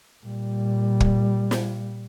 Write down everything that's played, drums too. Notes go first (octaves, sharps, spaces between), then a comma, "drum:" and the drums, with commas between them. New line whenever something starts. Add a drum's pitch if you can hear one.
A#2 G3
drum: kick
drum: snare